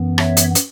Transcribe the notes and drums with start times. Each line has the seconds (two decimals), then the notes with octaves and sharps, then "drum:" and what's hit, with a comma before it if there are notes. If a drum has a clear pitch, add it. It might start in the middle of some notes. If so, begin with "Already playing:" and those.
Already playing: F#2 E3 B3
0.18 C#5 E5, drum: rim click
0.37 drum: hi-hat
0.55 drum: hi-hat